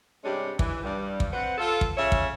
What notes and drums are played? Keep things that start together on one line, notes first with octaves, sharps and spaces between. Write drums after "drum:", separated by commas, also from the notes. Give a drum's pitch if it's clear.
G2 C3 G#3 C#4 D4 G4
E3, drum: kick
G2 G3
drum: kick
C4 B4 C5 F#5
F4 A4
drum: kick
C#3 C#4 F4 C#5 E5
drum: kick